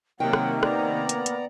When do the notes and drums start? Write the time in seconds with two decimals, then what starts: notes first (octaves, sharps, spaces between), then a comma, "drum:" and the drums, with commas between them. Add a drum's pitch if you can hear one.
0.20 C3 D#3 F#3 A#3 F#5 G5
0.33 drum: rim click
0.63 B3 D5 A#5, drum: rim click
1.09 drum: hi-hat
1.26 drum: hi-hat